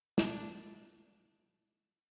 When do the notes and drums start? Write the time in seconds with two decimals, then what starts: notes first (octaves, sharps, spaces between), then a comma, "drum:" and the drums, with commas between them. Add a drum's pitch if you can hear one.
0.18 D4, drum: snare